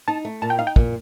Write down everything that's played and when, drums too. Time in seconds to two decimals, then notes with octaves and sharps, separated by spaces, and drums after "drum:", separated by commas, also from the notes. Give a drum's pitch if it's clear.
0.08 D#4 A5
0.25 A3
0.42 A#2 A5
0.50 G5
0.59 D#4 F5
0.67 G5
0.76 A#2, drum: kick